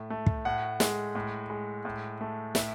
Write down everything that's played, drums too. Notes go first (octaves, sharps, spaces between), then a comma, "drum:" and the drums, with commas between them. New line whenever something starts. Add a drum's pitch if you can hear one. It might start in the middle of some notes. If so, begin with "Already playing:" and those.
Already playing: A2 A3
A3
drum: kick
A2 F#5
G#3, drum: snare
A2
G#3
A2
A3
A2 E5, drum: snare